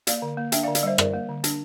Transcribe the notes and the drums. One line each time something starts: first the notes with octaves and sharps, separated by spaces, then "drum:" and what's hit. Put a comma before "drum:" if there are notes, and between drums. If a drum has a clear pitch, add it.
A#3 D5 F5, drum: hi-hat
D3
A#3
D4 E5 G5, drum: hi-hat
D5 F5
D3
D5 F5, drum: hi-hat
G3 C5 E5
G3 A#4 D5, drum: rim click
A#3
D3
D4, drum: hi-hat